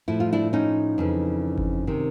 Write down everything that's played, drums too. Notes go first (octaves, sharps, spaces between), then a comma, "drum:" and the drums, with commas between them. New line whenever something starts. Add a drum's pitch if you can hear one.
A2 F3 E4
F4
D4 E4
C#4 D#4
F2 C#3 E3
drum: kick G1
C3 D#3